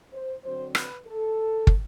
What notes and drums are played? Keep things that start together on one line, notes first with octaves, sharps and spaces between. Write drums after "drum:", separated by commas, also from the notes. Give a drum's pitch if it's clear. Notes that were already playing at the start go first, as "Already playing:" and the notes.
C5
D3 F#3 C4 C5
B4, drum: rim click
A4
drum: kick